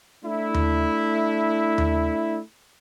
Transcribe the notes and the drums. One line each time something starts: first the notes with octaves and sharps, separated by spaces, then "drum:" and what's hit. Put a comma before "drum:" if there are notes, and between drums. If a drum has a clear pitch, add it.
A3 D4 E4
drum: tom D#2
drum: tom D#2